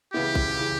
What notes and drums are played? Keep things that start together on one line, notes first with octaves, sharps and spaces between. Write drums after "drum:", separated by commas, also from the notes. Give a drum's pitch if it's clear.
C#2 C#3 E3 B3 E4 G4
drum: kick
C#3 E3